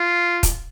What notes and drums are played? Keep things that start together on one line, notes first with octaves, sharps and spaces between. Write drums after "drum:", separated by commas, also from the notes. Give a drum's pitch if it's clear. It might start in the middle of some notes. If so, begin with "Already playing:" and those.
Already playing: F4
drum: kick, hi-hat